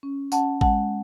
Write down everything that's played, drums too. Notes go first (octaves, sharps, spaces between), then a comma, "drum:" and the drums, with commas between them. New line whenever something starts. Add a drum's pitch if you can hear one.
C#4
C#4 F#5 A5, drum: tambourine
G#3 F#5 A5, drum: kick